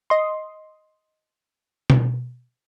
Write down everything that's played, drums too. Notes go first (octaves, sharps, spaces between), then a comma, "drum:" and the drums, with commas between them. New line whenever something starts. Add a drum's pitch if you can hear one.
D#5 C6
drum: tom B2